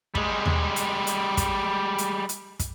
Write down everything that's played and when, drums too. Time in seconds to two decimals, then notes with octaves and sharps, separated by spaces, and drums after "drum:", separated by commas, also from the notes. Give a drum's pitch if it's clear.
0.15 G3 G#3, drum: kick
0.46 drum: tom D#2
0.76 drum: hi-hat
1.07 drum: hi-hat
1.37 drum: kick, hi-hat
1.98 drum: hi-hat
2.29 drum: hi-hat
2.59 drum: kick, hi-hat